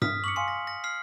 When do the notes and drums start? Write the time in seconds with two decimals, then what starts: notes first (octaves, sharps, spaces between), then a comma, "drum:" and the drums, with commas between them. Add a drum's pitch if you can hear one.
0.02 D#6 F6 B6, drum: tom G2
0.24 C#6 D6 C#7 F#7
0.36 F5 G#5 C6 C#7
0.48 A#6
0.67 A#6
0.84 F6 C7